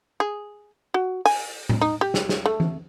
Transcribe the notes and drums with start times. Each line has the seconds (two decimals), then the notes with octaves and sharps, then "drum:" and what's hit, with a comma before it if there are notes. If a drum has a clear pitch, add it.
0.20 G#4
0.94 F#4
1.26 G#5, drum: open hi-hat
1.69 drum: tom A2
1.81 D#4
2.01 G4
2.14 drum: snare
2.29 drum: snare
2.46 A3
2.60 drum: tom E3